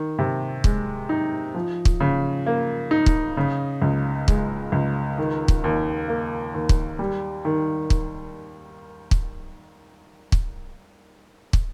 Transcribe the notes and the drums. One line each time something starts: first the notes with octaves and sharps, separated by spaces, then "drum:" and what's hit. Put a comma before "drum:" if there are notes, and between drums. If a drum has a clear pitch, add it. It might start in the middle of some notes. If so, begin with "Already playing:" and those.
Already playing: D#3
C3
G#3, drum: kick
D#4
F3
drum: kick
C#3
A#3
D#4
drum: kick
C#3
C#2
G#3, drum: kick
C#2
D#3
drum: kick
D#2
A#3
D#2
drum: kick
G3
D#3
drum: kick
drum: kick
drum: kick
drum: kick